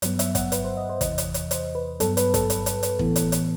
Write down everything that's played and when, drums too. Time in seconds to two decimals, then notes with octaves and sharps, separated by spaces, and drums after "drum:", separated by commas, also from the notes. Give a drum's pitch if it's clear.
0.02 G2 F#3 B3, drum: hi-hat
0.19 E5, drum: hi-hat
0.35 F#5, drum: kick, hi-hat
0.52 B4, drum: hi-hat
0.64 C5
0.77 D#5
0.89 C5
1.01 E2 C3 E3 D#5, drum: kick, hi-hat
1.18 drum: hi-hat
1.34 drum: hi-hat
1.51 C5, drum: hi-hat
1.75 B4
2.00 G2 F#3 B3 A4, drum: hi-hat
2.17 B4, drum: hi-hat
2.34 A4, drum: kick, hi-hat
2.50 drum: hi-hat
2.66 drum: hi-hat
2.83 drum: hi-hat
2.99 A2 E3 B3, drum: kick
3.16 drum: hi-hat
3.32 drum: hi-hat